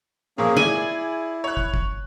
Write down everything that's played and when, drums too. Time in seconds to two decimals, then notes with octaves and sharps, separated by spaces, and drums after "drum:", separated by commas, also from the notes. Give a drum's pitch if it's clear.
0.38 A#2 F3 A#3 C#4 G#4
0.57 E4 G#4 D5 G#5
1.44 C#5 F#6
1.57 drum: kick
1.74 drum: kick